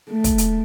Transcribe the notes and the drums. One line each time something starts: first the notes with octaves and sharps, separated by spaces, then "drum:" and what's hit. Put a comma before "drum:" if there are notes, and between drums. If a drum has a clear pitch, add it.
A3
drum: kick, hi-hat
drum: hi-hat